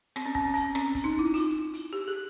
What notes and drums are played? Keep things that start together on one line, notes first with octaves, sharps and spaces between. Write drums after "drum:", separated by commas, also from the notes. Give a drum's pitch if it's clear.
C4, drum: rim click
C#4
C4, drum: kick
C#4
C4, drum: hi-hat
C#4, drum: rim click
drum: kick, hi-hat
D#4
E4
F4, drum: hi-hat
drum: hi-hat
G4
G#4